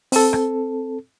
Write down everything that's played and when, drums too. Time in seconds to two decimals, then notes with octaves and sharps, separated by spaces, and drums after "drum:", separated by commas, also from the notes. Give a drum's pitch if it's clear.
0.12 C4 A4, drum: open hi-hat
0.33 drum: rim click